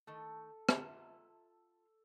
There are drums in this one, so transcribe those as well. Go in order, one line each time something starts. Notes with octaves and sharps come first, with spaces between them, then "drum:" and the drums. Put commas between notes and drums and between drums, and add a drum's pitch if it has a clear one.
D#3 A3 A4
F4 F#5 A5, drum: rim click